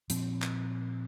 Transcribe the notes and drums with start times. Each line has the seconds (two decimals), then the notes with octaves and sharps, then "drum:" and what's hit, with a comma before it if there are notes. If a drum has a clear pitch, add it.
0.10 A#2 F3 C4, drum: hi-hat
0.42 drum: clap